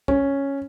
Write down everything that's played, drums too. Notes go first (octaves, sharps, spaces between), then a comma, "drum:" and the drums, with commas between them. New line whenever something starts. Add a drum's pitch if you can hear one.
C#4, drum: kick C2